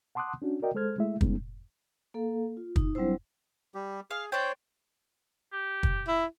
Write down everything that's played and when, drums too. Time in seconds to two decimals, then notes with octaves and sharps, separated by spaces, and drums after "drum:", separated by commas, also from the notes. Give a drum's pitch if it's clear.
0.15 F#5 A5 C6 D6 D#6 F#6
0.42 C#4 D4 F#4
0.62 F#4 A#4 D5 D#5 G5
0.75 G#3 A4 C5 F6 G#6
0.98 G#3 A3 E4 E5
1.21 G3 G#3 B3 C#4 D#4, drum: kick
2.14 A#3 A4 F5
2.57 F4
2.76 D#4, drum: kick
2.95 F#3 G3 C4 D4 E4 C5
3.74 G3 G4
4.11 G#4 F5
4.32 D4 C5 C#5 G5
5.53 G4
5.83 drum: kick
6.08 E4